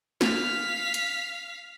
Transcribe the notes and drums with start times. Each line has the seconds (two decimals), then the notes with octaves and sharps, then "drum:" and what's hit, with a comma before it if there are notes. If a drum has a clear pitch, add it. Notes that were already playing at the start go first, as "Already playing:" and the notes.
0.21 F5 B6, drum: snare
0.94 drum: hi-hat